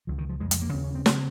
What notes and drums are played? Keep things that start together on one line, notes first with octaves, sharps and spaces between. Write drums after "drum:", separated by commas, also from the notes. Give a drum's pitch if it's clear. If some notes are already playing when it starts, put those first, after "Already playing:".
C#2 C#3 F3
D#3
F3
F2 C#3 G#3
G#3, drum: hi-hat
A#3
D#2 C#3 C4
C#4
C4
C#3 C4, drum: snare